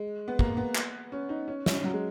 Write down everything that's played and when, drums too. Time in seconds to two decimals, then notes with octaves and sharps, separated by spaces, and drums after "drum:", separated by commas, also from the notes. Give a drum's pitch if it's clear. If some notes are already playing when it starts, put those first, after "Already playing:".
Already playing: G#3
0.28 B3
0.39 A#3, drum: kick
0.57 B3
0.75 drum: clap
1.12 C#4
1.29 D#4
1.48 C#4
1.66 C#4, drum: snare
1.84 F#3
1.94 G#3